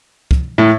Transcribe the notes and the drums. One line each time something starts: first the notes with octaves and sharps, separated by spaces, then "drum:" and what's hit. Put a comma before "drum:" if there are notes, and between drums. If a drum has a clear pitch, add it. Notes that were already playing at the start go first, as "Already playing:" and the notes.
drum: kick
A2